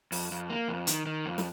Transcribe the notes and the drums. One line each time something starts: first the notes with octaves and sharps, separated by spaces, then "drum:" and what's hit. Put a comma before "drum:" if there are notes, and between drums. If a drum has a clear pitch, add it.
F2, drum: open hi-hat
F2
A#3
F2
D#3, drum: hi-hat
D#3
F2
drum: snare